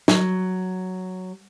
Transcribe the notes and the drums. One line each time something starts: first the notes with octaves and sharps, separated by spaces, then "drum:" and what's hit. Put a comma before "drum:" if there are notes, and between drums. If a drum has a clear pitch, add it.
F#3, drum: snare